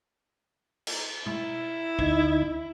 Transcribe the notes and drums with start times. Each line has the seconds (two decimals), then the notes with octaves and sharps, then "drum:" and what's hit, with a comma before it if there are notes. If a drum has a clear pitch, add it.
0.87 drum: cymbal
1.26 E4, drum: tom
1.99 D2 D#4 G#6, drum: kick